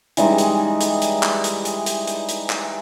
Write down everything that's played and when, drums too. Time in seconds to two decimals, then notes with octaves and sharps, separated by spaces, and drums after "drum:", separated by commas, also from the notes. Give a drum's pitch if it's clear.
0.17 E3 G3 G#3 D#4, drum: hi-hat
0.38 drum: hi-hat
0.81 drum: hi-hat
1.02 drum: hi-hat
1.23 drum: clap
1.44 drum: hi-hat
1.65 drum: hi-hat
1.86 drum: hi-hat
2.07 drum: hi-hat
2.29 drum: hi-hat
2.50 drum: clap